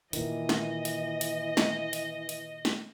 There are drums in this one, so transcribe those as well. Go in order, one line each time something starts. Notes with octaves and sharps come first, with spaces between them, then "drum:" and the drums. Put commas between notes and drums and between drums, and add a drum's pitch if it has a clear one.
A#2 D#3 E3 D#5, drum: hi-hat
drum: snare
drum: hi-hat
drum: hi-hat
drum: snare
drum: hi-hat
drum: hi-hat
drum: snare